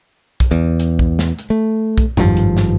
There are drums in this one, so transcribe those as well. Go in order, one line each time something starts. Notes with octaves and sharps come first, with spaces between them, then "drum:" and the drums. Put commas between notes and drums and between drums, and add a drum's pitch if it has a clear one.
drum: kick B1, hi-hat
E2
drum: hi-hat
drum: kick B1
drum: snare
drum: hi-hat
A3
drum: kick B1, hi-hat
G#1 G2 F3, drum: tom F2
drum: hi-hat
drum: snare